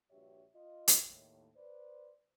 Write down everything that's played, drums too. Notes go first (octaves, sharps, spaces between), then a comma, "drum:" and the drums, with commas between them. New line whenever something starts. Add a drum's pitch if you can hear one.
A#1 G2 F#4 G4 C#5 E5
F4 D#5
drum: hi-hat
D#2 A2
B4 C5 D5